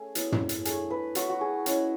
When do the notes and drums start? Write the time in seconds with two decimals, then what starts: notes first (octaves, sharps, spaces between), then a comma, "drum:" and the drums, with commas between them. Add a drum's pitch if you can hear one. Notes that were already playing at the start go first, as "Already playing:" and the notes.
Already playing: A3 C#4 G#4
0.15 F#3 B3 E4, drum: hi-hat
0.32 drum: tom
0.49 drum: hi-hat
0.65 A3 D4 G#4, drum: hi-hat
0.90 B4
1.15 F#3 A3 E4 F#4, drum: hi-hat
1.30 F#4
1.41 G#4
1.66 G#3 C#4 E4, drum: hi-hat